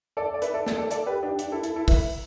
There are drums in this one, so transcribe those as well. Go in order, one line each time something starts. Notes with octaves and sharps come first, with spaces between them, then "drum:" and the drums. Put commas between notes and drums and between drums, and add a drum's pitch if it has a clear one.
A4 D5
D5
B4 E5, drum: hi-hat
A4 D5
A4 D5, drum: snare
A4 D5
A4 D5, drum: hi-hat
G4 B4
D4 G4
D4 G4, drum: hi-hat
E4 A4
E4 A4, drum: hi-hat
E4 A4
B4 E5, drum: kick, open hi-hat